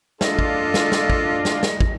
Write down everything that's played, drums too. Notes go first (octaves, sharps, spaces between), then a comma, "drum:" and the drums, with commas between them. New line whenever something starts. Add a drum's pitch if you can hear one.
D4 F4 A4 D#5, drum: snare
drum: kick
drum: snare
drum: snare
drum: kick
drum: snare
drum: snare
drum: kick